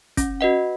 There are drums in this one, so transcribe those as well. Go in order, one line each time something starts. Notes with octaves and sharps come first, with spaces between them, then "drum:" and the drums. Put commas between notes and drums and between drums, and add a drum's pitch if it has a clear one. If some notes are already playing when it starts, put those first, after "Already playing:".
C#4, drum: kick, hi-hat
F#4 B4 D#5 F#5